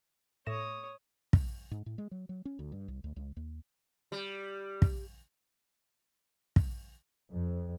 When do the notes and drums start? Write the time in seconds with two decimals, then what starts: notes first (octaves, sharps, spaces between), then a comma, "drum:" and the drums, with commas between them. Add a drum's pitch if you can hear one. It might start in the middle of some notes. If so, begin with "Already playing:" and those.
0.46 A2 C#5 D#6 A#6 E7
1.33 drum: kick
1.71 G#2
1.86 A2
1.98 G#3
2.11 F#3
2.29 F#3
2.45 C#4
2.59 D2
2.72 G2
2.88 C2
3.04 D2
3.16 C#2
3.37 D#2
4.12 G3
4.82 drum: kick
6.56 drum: kick
7.32 F2